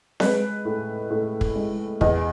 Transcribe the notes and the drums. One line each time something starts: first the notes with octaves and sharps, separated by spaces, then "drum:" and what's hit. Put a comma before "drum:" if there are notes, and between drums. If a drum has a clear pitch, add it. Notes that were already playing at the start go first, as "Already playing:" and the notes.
G#3 B4, drum: snare C4
A2
A2
drum: kick
G#3
E2 D#5, drum: kick